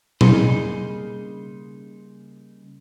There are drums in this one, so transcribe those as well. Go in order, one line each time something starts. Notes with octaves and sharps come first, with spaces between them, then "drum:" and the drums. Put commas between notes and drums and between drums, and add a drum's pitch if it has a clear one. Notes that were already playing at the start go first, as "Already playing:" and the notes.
C#3 G3 A#3 D#4 G#4 C5, drum: tom B2